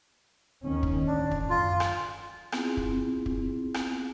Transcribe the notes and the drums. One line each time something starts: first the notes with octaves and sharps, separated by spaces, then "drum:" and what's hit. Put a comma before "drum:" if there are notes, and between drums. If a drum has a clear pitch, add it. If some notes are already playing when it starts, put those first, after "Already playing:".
D#2 D#3 C#4
drum: kick
A1 D2 D4
drum: kick
F#2 F4
drum: rim click
B3 C4 E4 F4 G#4, drum: rim click
drum: kick
drum: kick
drum: rim click